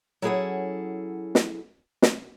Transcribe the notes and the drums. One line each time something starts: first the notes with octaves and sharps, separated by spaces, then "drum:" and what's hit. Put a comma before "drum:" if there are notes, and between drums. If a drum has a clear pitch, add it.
F#3 C#4 E4 G#4 A4 F#5
drum: snare
drum: snare